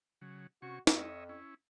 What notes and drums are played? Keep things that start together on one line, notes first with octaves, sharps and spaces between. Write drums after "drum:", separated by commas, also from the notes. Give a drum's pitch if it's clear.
C#3 F#3
C3 C#4 F#4 C#6
F2 C#5 D#5 E5, drum: snare
C#4 E4